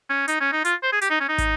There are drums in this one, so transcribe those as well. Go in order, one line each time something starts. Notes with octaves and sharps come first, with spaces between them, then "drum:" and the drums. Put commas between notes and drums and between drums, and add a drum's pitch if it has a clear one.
C#4
D#4, drum: hi-hat
C#4
D#4
F4, drum: hi-hat
C5
G#4
G4, drum: hi-hat
D#4
C#4
D#4
drum: kick, hi-hat